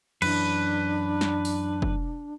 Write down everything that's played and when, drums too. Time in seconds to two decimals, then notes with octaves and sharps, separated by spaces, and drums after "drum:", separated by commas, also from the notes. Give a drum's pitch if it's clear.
0.22 F#2 E3 D4 B4, drum: cymbal
1.21 drum: snare
1.45 drum: open hi-hat
1.82 drum: kick